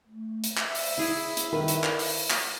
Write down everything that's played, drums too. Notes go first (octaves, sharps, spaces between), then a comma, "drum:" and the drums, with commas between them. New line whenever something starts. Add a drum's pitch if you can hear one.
A3
drum: hi-hat
E5, drum: clap
drum: open hi-hat
E4 G#4
drum: hi-hat
D#3 B4
drum: hi-hat
drum: clap
drum: open hi-hat
drum: clap